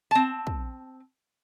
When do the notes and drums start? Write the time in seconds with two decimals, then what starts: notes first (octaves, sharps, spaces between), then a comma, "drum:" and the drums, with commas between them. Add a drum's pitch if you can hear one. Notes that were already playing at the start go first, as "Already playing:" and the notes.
0.11 C4 A5
0.47 drum: kick